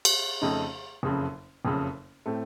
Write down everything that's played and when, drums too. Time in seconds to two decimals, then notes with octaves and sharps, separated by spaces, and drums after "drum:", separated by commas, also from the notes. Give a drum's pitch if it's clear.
0.05 drum: cymbal
0.41 F2 C#3 A3 D#4
1.03 F#1 F2 C#3
1.65 F#1 F2 C#3
2.26 A2 A3 C4